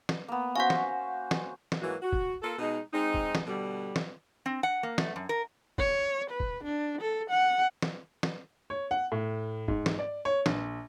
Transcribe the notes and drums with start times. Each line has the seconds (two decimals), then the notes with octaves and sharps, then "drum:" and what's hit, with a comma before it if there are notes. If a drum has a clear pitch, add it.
0.09 drum: snare
0.28 A#3 B3
0.56 C#4 F#4 C5 F5 F#5
0.70 drum: snare
1.31 drum: snare
1.72 drum: snare
1.82 G#2 E3 F#3 A#3 F#4
2.02 F#4
2.13 drum: kick
2.42 A#3 F4 A4
2.59 B2 G#3 D#4
2.93 G#3 C4 D#4
3.14 drum: kick
3.35 drum: snare
3.47 B2 D3 G3
3.96 drum: snare
4.46 C4
4.63 F#5
4.83 A#3
4.98 A3, drum: snare
5.16 F#2
5.29 A#4
5.78 C#5, drum: kick
6.30 B4
6.40 drum: kick
6.63 D4
7.01 A4
7.30 F#5
7.82 drum: snare
8.23 drum: snare
8.70 C#5
8.91 F#5
9.12 A2
9.68 G#2, drum: kick
9.86 drum: snare
9.99 D5
10.25 C#5
10.46 A#1, drum: snare